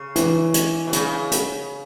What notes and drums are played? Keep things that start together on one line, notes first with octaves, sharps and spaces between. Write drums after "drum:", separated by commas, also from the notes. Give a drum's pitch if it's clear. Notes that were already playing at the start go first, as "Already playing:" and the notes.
Already playing: C#3
E3, drum: hi-hat
drum: hi-hat
B2
C#3, drum: hi-hat
drum: hi-hat